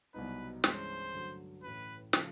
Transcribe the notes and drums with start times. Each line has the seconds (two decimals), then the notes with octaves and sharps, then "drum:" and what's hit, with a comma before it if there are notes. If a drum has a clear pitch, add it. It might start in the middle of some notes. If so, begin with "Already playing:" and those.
0.14 C2 B2 F#3 B3 D#4 B4
0.64 G2 E3 G#3 C#4 C5, drum: snare
1.13 G2 D3 F#3 A3
1.63 A2 E3 A3 C#4 B4
2.13 C#3 F3 A3, drum: snare